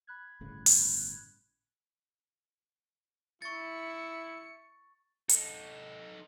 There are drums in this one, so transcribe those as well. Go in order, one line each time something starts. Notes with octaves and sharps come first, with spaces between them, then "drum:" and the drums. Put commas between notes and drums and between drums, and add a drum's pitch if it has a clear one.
B5 F#6 G#6
G1 A2 C#3
drum: open hi-hat
E4 C#6 A6 C#7
D#4 A4, drum: hi-hat